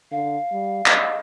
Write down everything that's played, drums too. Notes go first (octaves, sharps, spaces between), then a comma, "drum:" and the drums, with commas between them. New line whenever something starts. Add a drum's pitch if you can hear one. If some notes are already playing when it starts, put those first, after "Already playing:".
D3 F5
G3
D#5, drum: clap